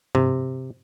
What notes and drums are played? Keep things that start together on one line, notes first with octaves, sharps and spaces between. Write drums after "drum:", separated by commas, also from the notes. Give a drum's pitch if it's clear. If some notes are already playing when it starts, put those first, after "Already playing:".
C3, drum: tom G2